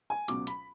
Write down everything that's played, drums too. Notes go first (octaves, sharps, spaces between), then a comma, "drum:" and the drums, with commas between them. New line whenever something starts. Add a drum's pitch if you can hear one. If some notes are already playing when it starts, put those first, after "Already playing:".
G#5
C#2 B2 F#3 D6, drum: hi-hat
B5, drum: hi-hat